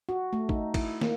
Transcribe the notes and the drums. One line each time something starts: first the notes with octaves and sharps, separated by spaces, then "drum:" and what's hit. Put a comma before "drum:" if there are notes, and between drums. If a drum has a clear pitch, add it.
F#4
A3
D#4, drum: kick
E4, drum: kick, cymbal
A#3, drum: snare